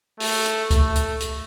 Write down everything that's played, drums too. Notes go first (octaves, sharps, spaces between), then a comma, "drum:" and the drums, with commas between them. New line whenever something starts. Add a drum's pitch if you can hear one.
A3, drum: open hi-hat
drum: hi-hat
A3, drum: kick C#2, hi-hat
drum: hi-hat
drum: hi-hat